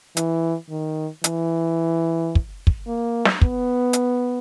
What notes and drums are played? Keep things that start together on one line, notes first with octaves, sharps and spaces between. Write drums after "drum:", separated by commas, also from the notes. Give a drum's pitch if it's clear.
E3, drum: hi-hat
D#3
E3, drum: hi-hat
drum: kick
drum: kick
A#3
drum: snare
B3, drum: kick
drum: hi-hat